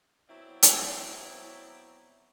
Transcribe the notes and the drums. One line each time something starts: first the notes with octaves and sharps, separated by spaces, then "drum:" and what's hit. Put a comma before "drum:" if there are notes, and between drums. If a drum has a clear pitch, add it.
F#3 B3 C4 E4 D5 E5
drum: hi-hat